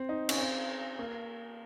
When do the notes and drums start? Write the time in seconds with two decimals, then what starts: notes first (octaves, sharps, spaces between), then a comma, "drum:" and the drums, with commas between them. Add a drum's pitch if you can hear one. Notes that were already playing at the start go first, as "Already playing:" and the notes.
Already playing: C4
0.09 D#4
0.29 C#4, drum: cymbal
0.38 C4
0.99 A#3